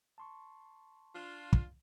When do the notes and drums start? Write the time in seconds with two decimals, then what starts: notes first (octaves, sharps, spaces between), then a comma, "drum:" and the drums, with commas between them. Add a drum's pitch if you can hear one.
0.18 A5 C6 C#6
1.15 D4 F4
1.53 drum: kick